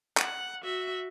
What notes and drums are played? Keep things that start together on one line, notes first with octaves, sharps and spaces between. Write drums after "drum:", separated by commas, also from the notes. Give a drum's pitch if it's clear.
F#5, drum: clap
F#4 E5